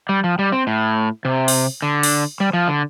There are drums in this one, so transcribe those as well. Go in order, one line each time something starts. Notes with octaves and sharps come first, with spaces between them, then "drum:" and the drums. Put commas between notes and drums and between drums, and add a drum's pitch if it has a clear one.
G3
F3
G3
C4
A2
C3
drum: open hi-hat
D3
drum: open hi-hat
G3
F3
D3